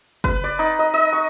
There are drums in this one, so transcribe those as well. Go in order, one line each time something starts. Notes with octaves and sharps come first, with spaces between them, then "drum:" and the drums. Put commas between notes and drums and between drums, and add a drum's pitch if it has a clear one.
B4, drum: kick F#1
D5
D#4
D#5
D#5
C#6